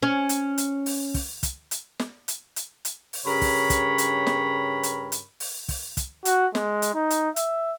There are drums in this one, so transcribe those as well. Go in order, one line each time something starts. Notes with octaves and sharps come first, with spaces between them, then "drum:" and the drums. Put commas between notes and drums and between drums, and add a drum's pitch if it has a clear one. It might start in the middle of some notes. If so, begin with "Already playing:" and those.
C#4 C#5
drum: hi-hat
drum: hi-hat
drum: open hi-hat
drum: kick, open hi-hat
drum: kick, hi-hat
drum: hi-hat
drum: snare
drum: hi-hat
drum: hi-hat
drum: hi-hat
drum: open hi-hat
G2 C#3 A#4 C#5 B5
drum: kick, open hi-hat
drum: kick, hi-hat
drum: hi-hat
drum: snare
drum: hi-hat
drum: hi-hat
drum: open hi-hat
drum: kick, open hi-hat
drum: kick, hi-hat
F#4, drum: hi-hat
G#3, drum: snare
drum: hi-hat
D#4
drum: hi-hat
E5, drum: hi-hat